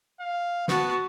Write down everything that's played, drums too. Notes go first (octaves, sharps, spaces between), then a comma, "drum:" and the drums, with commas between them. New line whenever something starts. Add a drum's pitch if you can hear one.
F5
B3 F#4 A5, drum: snare